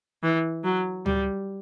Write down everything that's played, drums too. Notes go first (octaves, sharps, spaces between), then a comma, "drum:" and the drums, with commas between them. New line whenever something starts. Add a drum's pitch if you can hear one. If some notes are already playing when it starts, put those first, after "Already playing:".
E3
F#3
G3, drum: tom C#2